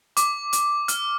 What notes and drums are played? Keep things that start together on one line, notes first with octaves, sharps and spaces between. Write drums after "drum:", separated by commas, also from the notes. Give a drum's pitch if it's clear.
D6, drum: hi-hat
drum: hi-hat
F6, drum: hi-hat